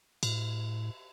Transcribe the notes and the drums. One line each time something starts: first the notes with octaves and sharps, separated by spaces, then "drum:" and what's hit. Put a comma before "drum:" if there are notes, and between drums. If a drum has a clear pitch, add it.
A2, drum: cymbal